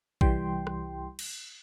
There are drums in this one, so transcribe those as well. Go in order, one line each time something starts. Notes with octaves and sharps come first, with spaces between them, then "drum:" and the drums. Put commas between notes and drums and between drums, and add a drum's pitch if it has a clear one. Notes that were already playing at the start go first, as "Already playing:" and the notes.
C2 E3 G3 G5 C6, drum: kick A#1
drum: rim click
drum: cymbal